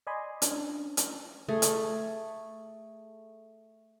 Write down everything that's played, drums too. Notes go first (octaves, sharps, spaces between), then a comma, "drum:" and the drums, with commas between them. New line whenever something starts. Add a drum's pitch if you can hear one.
D5 D#5 G#5 B5 C6
C#4 D4, drum: hi-hat
drum: hi-hat
A3 G#4
drum: hi-hat